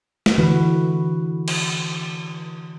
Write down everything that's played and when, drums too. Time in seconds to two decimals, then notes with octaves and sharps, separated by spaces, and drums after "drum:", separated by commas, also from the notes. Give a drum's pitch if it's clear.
0.26 drum: snare
0.38 D3 E3 F#4 B4
1.48 drum: cymbal